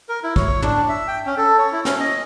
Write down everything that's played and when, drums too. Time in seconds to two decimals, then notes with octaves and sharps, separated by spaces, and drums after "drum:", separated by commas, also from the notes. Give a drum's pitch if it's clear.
0.09 A#4
0.23 E4
0.36 C#5, drum: kick
0.62 D4, drum: tom
0.89 E5
1.08 G5
1.26 C#4
1.37 A4
1.58 C#5
1.72 E4
1.85 C#4, drum: snare
2.00 D#5